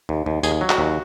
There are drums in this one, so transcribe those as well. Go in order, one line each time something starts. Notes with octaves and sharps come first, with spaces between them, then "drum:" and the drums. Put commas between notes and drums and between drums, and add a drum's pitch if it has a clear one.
D#2
D#2
D#2 G#4, drum: tambourine
F#3
F#4, drum: clap
D#2